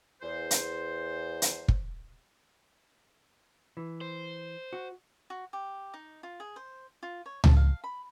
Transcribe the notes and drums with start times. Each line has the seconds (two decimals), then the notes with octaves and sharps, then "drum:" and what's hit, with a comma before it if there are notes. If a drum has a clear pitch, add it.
0.22 E2 C5
0.51 drum: hi-hat
1.42 drum: hi-hat
1.68 drum: kick
3.77 E3
4.01 C5
4.73 F#4
5.30 F#4
5.53 G4
5.94 D#4
6.23 F4
6.40 G#4
6.56 C5
7.03 F4
7.26 C#5
7.44 A5, drum: tom C#2
7.57 F5
7.84 B5